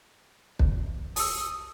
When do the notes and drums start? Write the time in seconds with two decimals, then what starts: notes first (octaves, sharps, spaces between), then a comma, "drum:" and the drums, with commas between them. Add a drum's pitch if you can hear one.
0.59 drum: kick
1.16 A5 D#6 E6, drum: open hi-hat